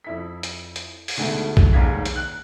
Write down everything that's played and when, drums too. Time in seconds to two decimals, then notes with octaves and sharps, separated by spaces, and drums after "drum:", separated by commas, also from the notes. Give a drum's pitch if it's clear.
0.04 F2 E4 B6
0.43 drum: hi-hat
0.76 drum: hi-hat
1.08 drum: open hi-hat
1.17 D2 G#2 B2 D3 A3
1.57 drum: kick B1
1.73 F1 D#2 G#2 F5 G#6 B6
2.05 drum: hi-hat
2.16 F#6